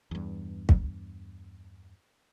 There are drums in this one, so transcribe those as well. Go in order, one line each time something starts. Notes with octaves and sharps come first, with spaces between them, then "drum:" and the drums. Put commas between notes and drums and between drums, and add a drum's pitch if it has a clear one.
E2 G2
drum: kick